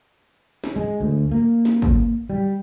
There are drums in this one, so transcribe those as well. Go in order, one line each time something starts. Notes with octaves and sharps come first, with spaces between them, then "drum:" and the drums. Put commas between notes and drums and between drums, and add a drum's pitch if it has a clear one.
drum: snare
G#3
D2
A#3
drum: snare
drum: kick
G3